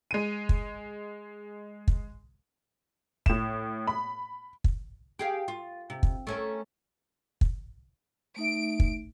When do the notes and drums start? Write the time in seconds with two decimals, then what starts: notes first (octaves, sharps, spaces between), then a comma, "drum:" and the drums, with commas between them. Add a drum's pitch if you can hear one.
0.11 G#3 D#7
0.49 drum: kick
1.88 drum: kick
3.26 A2 E7, drum: kick
3.87 B5
4.64 drum: kick
5.19 G4 G#4 F5
5.48 F4
5.90 C3
6.03 drum: kick
6.27 A3 C#4 A#4
7.41 drum: kick
8.37 A3 D#4 E5 D7
8.80 drum: kick